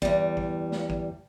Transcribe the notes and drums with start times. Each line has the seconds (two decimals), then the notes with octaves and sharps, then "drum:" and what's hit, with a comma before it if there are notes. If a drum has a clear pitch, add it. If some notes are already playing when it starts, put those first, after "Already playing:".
0.02 E2 G3, drum: kick
0.37 drum: kick
0.72 drum: snare
0.90 drum: kick